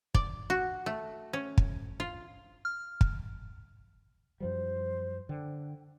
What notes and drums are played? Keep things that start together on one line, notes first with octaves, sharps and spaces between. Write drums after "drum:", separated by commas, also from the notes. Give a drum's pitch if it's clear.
D5, drum: kick
F#4
A3
C#4
drum: kick
F4
F6
drum: kick
F#2 F3 G3 C5
D3 G5